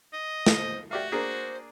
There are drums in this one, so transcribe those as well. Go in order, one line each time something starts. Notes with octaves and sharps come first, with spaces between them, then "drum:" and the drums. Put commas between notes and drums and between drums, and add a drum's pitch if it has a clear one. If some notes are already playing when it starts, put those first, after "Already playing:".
D#5
drum: snare
C5
F#4 G4 D5 E5 F5
A#3 D4 G#4 C5